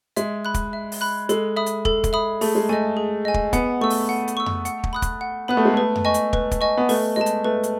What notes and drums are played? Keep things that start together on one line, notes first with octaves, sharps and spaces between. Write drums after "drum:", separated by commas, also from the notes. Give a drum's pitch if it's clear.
G#3 E5, drum: hi-hat
B5 F#6
drum: kick, hi-hat
E5
drum: open hi-hat
B5 F#6
G#3 A4, drum: hi-hat
E5 B5 D#6
drum: hi-hat
A4, drum: kick
drum: kick, hi-hat
E5 B5 D#6
A3 G#4, drum: open hi-hat
G#3
A3 D#5 G#5
G#4
D#5 G#5
drum: kick
B3 F#5, drum: kick, hi-hat
A3 C#6 E6
drum: open hi-hat
F#5
drum: hi-hat
C#6 E6
drum: tom F2
F#5, drum: hi-hat
drum: kick
B5 D#6 F#6
drum: kick, hi-hat
F#5
B3 B5 D#6 F#6
A3
G#3
A3 B4
drum: tom F2
D#5 G#5 C#6
drum: hi-hat
B4, drum: kick
drum: kick, hi-hat
D#5 G#5 C#6
B3
A3 B4, drum: open hi-hat
G#3 D#5 A5
drum: hi-hat
A3 B4
drum: hi-hat